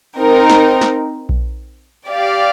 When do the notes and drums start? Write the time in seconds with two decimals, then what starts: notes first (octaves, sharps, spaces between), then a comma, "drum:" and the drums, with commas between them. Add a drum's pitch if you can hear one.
0.18 C4 D#4 A#4
0.50 drum: snare
0.81 drum: snare
1.29 drum: kick A#1
2.09 G4 D5 F5